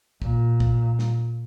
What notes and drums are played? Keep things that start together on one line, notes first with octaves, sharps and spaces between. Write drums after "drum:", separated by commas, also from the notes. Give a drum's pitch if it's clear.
A#2, drum: kick
drum: kick
drum: snare